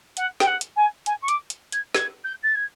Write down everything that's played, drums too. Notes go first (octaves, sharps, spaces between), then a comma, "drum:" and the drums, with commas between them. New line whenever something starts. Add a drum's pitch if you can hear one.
F#5, drum: hi-hat
G5, drum: snare
F#5
drum: hi-hat
G#5
G#5, drum: hi-hat
C#6
D6, drum: hi-hat
drum: hi-hat
G#6, drum: hi-hat
G#6, drum: snare
G6
A6
G#6